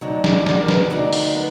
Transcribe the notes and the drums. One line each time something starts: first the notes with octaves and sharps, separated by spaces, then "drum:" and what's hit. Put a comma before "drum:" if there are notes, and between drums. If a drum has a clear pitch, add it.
D2 D3 F#3 D4 D#4
D5, drum: snare
D5, drum: snare
A#4
B4, drum: snare
D2 D3 F#3 D4 D#4
drum: open hi-hat
B3